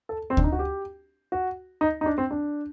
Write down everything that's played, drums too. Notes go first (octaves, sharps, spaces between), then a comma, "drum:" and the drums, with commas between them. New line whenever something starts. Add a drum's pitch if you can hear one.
A4
C4
D4, drum: kick D2
D#4
F#4
G4
F#4
D#4
D#4
D4
C4
D4